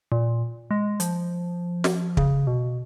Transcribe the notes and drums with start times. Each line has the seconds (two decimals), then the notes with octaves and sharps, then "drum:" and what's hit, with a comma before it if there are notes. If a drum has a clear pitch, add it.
0.12 A#2
0.71 G#3
1.00 F3, drum: hi-hat
1.84 drum: snare
2.17 C#3, drum: kick
2.47 B2